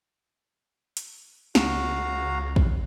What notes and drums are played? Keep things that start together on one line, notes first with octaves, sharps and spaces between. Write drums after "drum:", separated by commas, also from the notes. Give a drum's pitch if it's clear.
drum: hi-hat
C#2 F#4 F5 A#5, drum: snare
drum: kick